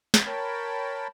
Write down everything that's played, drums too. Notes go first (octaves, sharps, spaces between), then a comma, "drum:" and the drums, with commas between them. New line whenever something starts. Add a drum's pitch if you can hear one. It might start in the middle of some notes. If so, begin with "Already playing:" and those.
drum: snare
A#4 C#5 G5 A5 B5